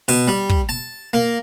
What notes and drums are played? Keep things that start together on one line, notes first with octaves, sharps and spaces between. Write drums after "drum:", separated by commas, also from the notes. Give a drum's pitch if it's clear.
B2, drum: open hi-hat
G3
drum: kick
A5
A#3